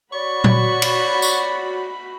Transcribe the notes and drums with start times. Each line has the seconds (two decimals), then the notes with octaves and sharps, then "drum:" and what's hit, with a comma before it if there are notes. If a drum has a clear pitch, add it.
0.13 F#4 C#5 D5 B5 C#6
0.44 drum: tom
0.82 drum: cymbal
1.22 drum: tambourine